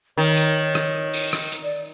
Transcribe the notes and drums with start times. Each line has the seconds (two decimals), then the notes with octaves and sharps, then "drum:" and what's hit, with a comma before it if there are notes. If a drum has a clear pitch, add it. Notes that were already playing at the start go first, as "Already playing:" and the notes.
0.17 D#3 C#5
0.37 drum: hi-hat
0.75 drum: rim click
1.14 drum: open hi-hat
1.33 drum: rim click
1.52 drum: hi-hat
1.63 D5